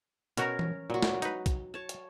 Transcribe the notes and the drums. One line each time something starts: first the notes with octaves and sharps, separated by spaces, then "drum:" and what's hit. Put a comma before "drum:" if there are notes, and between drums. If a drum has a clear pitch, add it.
B2 C#4 F#4 A#4 C#5 A#5, drum: hi-hat
drum: tom E3
A#2 F#3 F#4
drum: snare
D#4 B4, drum: hi-hat
drum: kick, hi-hat
C#5 A5
drum: hi-hat